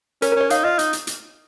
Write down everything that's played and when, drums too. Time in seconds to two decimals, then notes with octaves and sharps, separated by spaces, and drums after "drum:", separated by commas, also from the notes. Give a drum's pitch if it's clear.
0.22 C#4 A#4, drum: hi-hat
0.32 A#4
0.37 C#4 C#5
0.50 D#4 F5, drum: hi-hat
0.64 F4 D#5
0.79 D#4, drum: hi-hat
0.93 drum: hi-hat
1.07 drum: hi-hat